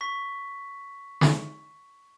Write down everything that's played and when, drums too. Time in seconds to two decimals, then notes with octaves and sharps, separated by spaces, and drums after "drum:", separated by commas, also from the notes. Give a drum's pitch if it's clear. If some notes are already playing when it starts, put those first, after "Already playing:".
0.01 C#6 B6
1.21 drum: snare